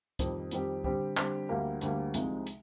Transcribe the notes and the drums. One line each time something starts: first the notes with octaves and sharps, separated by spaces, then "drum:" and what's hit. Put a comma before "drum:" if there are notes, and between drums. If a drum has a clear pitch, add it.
F2 D#3 G3 C4 G4, drum: kick, hi-hat
F2 D#3 G3 C4 G4, drum: hi-hat
D3 G3 C4 G4, drum: kick
D3 G3 C4 G4, drum: clap
D2 D3 G3 A#3
D2 D3 G3 A#3, drum: hi-hat
C2 C3 F3 G#3 D#4, drum: hi-hat
drum: hi-hat